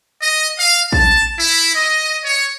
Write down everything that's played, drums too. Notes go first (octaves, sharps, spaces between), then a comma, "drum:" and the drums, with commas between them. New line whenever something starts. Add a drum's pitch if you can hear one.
D#5
F5
A5, drum: kick
E4
D#5
C#5